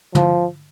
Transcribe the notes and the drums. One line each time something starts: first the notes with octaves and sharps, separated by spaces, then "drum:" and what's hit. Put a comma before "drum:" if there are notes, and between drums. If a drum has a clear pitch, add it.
F3, drum: tom